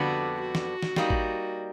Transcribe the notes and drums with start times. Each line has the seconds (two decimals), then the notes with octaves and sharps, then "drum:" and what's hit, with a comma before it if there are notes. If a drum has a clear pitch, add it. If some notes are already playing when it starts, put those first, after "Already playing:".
Already playing: F2 D3 G3 B3 D4 F#4
0.41 F#4
0.55 drum: snare
0.83 drum: snare
0.96 G3 A#3 D#4, drum: snare
1.10 drum: kick